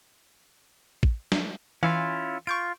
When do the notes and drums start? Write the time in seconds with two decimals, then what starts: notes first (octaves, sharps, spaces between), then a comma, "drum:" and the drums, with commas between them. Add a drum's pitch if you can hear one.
1.03 drum: kick
1.32 drum: snare
1.83 E3 C#4 E4 F4 F5
2.47 F4 C#6 G6 D7